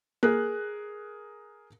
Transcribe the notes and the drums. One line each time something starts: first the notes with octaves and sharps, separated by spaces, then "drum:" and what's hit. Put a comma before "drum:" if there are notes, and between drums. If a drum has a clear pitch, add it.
G#4 A#4 F#6, drum: tom A#3